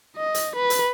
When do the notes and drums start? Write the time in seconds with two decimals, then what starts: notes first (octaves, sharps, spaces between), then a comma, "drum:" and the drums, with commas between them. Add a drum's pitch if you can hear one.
0.17 D#5
0.35 drum: hi-hat
0.55 B4
0.70 drum: hi-hat